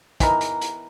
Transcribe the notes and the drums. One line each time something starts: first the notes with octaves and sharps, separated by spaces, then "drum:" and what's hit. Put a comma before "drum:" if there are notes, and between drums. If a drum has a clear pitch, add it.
E3 B3 D#4 A#4, drum: kick, hi-hat
drum: hi-hat
drum: hi-hat